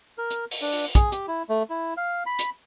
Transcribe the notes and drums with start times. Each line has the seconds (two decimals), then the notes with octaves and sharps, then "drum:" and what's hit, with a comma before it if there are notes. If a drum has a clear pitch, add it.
0.18 A#4
0.30 drum: hi-hat
0.51 drum: open hi-hat
0.62 D4
0.72 drum: open hi-hat
0.95 G#4, drum: kick, hi-hat
1.12 G4, drum: hi-hat
1.28 E4
1.49 A3
1.70 E4
1.97 F5
2.26 B5
2.39 drum: hi-hat